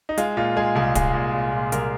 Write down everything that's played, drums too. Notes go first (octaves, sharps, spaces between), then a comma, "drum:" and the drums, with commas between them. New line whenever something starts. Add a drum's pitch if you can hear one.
D#4
G#3 F4, drum: hi-hat
A#2 F4
G#3 G#4
C2 G#4
G#3, drum: kick, hi-hat
A#2
A#2
A#2
C2 A#4, drum: hi-hat